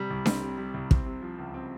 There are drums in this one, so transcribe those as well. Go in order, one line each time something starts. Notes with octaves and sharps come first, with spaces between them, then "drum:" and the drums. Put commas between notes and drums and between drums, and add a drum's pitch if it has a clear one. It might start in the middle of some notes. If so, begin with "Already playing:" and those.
Already playing: C3 G3 C4
C2
C4, drum: snare D4
C3
G3
C2
C4, drum: kick
C3
F3
C#2
C4